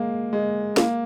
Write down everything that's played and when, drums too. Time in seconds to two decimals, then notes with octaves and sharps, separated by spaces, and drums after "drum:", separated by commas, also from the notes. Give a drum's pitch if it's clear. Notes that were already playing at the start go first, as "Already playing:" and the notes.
Already playing: G#3 A#3
0.33 G#3
0.77 A#3, drum: snare